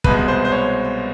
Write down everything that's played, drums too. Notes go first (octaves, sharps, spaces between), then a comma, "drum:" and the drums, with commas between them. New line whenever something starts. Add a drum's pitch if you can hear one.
C2 B2 G#3 B4, drum: kick
C5
C5
C#5